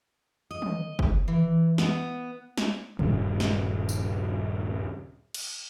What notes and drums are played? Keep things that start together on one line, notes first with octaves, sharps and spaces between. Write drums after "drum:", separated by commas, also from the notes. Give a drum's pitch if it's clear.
D#5
drum: tom
drum: kick
E3
B3, drum: snare
drum: snare
D#1 G2 C#3, drum: tom
drum: snare
drum: tambourine
drum: cymbal